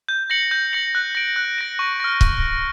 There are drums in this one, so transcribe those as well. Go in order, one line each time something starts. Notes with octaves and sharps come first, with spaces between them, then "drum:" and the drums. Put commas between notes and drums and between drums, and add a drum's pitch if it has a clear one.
G6
A#6 C#7 F#7
G6
A#6 C#7 F#7
F#6
A#6 D7
F#6
A#6 D7
C#6
F6 A#6
drum: kick